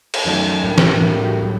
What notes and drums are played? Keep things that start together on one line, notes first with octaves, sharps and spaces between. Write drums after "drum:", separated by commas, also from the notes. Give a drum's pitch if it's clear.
drum: cymbal
F#2 D#3 F#3 A3 D#4
A2 G3 A#3 D4
drum: snare
A2 G3 A#3 D4 F#4
G4
F#4
A2 F#3